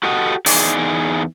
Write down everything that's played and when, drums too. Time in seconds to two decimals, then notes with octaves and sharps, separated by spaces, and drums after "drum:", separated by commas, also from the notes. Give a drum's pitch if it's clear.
0.03 F#4 G4 A4 D#5 F#5
0.46 E2 D#4 G#4 D5, drum: open hi-hat